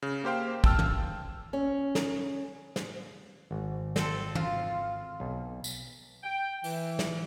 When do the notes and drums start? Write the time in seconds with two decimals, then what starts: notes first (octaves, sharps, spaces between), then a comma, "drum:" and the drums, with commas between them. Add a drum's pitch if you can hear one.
0.02 C#3
0.24 A#3 G4 C5 F5 G5
0.64 G5 A5 E6 F6, drum: kick
0.79 drum: tom
1.53 C#4
1.95 drum: snare
2.76 drum: snare
3.51 G#1
3.96 C4 A4, drum: snare
4.35 F4, drum: tom
5.20 B1
5.64 drum: tambourine
6.23 G5
6.64 E3, drum: open hi-hat
6.99 drum: snare